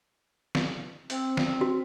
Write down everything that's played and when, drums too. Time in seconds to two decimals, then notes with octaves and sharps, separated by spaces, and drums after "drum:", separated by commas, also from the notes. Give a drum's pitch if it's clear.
0.55 drum: snare
1.10 C4, drum: hi-hat
1.37 drum: snare
1.61 F#4